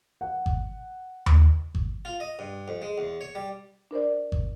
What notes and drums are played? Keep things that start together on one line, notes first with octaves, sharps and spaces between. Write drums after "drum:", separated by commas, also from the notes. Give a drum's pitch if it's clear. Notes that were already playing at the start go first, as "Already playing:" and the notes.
F#5
drum: kick G#1
drum: tom D#2
drum: kick G#1
F4
D#5
G2
F2
G#3
E2
C#5
G3
D4 A#4 C5 D5
drum: kick G#1